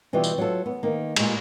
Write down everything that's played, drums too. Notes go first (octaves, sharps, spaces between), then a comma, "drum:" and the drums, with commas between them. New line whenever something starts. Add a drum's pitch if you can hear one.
B2 E3 G3 F4 G4
drum: tambourine
F#3 F4 A4
B3
D#3 A#3
A#2 G#3, drum: cymbal